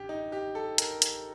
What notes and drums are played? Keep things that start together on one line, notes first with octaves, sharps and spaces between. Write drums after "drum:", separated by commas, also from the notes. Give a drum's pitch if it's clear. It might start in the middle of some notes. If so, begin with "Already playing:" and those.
Already playing: A1 D3 G4
D#4
G4
A4
A#4, drum: hi-hat
drum: hi-hat